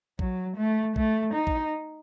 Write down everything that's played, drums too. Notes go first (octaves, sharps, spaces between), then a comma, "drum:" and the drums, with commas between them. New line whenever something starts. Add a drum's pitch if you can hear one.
F#3, drum: kick A#1
A3
A3, drum: kick A#1
D#4
drum: kick A#1